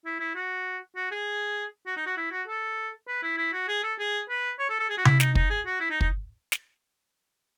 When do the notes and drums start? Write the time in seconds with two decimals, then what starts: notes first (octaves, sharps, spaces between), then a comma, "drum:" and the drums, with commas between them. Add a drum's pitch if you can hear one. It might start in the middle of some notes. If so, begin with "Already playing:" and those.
0.05 E4
0.20 E4
0.35 F#4
0.96 F#4
1.11 G#4
1.86 F#4
1.97 D#4
2.06 F#4
2.17 E4
2.32 F#4
2.47 A4
3.08 B4
3.23 E4
3.38 E4
3.53 F#4
3.68 G#4
3.83 A4
3.99 G#4
4.30 B4
4.59 C#5
4.69 A4
4.79 A4
4.90 G#4
4.98 F#4
5.05 E4, drum: tom C3
5.20 D#4, drum: snare
5.35 D#4, drum: kick
5.50 G#4
5.66 F#4
5.80 E4
5.90 D#4
6.01 D#4, drum: kick
6.52 drum: snare